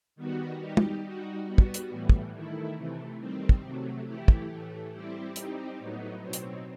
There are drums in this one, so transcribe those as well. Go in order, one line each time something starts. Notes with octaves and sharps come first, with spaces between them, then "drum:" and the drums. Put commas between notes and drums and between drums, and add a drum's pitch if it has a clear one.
D#3 G3 B3 F#4
G3 D#4 G4
drum: tom
G3 D#4 F#4
G3 B3 F#4
drum: kick
drum: hi-hat
A2 E3 G3
drum: kick
D#3 A3 E4
C3 E3 A3
D#3 G3 C4
drum: kick
C3 F#3 A3
E3 A3 E4 G4
drum: kick
A2 E3 A3
G3 C4 E4 G4
G3 C4 D#4 G4, drum: hi-hat
A2 F#3 B3 D#4
B2 F#3 C4
drum: hi-hat